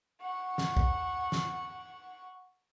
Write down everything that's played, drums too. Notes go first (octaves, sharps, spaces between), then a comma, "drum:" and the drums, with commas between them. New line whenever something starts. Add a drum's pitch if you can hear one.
F#5 C#6
drum: snare
drum: kick
drum: snare